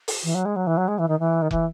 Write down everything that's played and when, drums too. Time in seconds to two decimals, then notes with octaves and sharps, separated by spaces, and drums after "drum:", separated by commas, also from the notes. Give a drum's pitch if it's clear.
0.08 drum: open hi-hat
0.24 E3
0.34 F#3
0.45 G#3
0.56 F#3
0.67 E3
0.77 F#3
0.88 G#3
0.98 E3
1.08 D#3
1.19 E3
1.42 D#3
1.51 E3, drum: kick